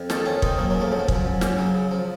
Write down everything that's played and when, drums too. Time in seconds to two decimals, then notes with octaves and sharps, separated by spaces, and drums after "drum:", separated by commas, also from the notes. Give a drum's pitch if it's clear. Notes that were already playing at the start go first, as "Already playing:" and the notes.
Already playing: F2
0.10 D#3 F4 A4, drum: snare
0.26 D#3 C#4 F4
0.42 D#3 C4 D#4, drum: kick
0.59 F#2 F#3 A#3
0.70 C#3 F#3 A#3
0.80 F3 A3
0.92 F#2 F#3
0.99 F3
1.08 F#2, drum: kick
1.15 F3
1.25 F#2
1.41 F#2, drum: snare
1.58 C#3 F#3
1.74 C#3
1.91 F3